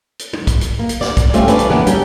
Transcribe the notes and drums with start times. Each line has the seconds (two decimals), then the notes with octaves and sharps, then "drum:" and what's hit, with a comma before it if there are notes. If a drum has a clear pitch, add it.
0.19 drum: hi-hat
0.33 drum: tom
0.47 drum: kick, hi-hat
0.61 drum: hi-hat
0.79 A#3
0.89 drum: hi-hat
1.01 D5, drum: snare
1.17 drum: kick, hi-hat
1.34 G3 A3 C4 C#4 F4, drum: hi-hat
1.48 C#4 D4 B4 D5, drum: hi-hat
1.59 drum: hi-hat
1.70 F2 C#3 E3 A#3 B3 D4
1.87 F#3 G3 C#4 G5, drum: hi-hat